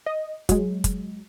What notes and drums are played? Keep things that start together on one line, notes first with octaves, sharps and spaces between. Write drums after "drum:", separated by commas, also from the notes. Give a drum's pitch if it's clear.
D#5
F#3 G#3, drum: kick, hi-hat
drum: kick, hi-hat